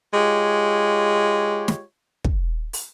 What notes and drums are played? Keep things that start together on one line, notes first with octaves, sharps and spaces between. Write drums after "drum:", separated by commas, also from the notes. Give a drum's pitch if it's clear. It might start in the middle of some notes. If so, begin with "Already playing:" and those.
G#3 F4 G4 C#5
drum: snare
drum: kick
drum: open hi-hat